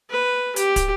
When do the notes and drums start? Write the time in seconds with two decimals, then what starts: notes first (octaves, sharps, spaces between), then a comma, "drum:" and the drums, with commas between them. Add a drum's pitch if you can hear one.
0.11 B4
0.56 G4, drum: hi-hat
0.76 drum: kick, hi-hat